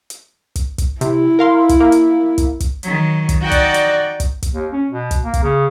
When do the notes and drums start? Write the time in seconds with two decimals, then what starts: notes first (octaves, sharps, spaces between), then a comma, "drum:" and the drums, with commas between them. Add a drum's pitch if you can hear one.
0.10 drum: hi-hat
0.56 drum: kick, hi-hat
0.78 drum: kick, hi-hat
1.01 C3 E4, drum: hi-hat
1.39 A#4 F5 C6
1.69 drum: kick, hi-hat
1.80 A#3
1.92 drum: hi-hat
2.38 drum: kick, hi-hat
2.60 drum: kick, hi-hat
2.83 D#3 F#3, drum: hi-hat
3.29 drum: kick, hi-hat
3.42 D#4 F#4 D5 G5
3.51 drum: kick, hi-hat
3.74 drum: hi-hat
4.20 drum: kick, hi-hat
4.43 drum: kick, hi-hat
4.54 D#2
4.72 C#4
4.91 B2
5.11 drum: kick, hi-hat
5.22 A#3
5.34 drum: kick, hi-hat
5.43 C#3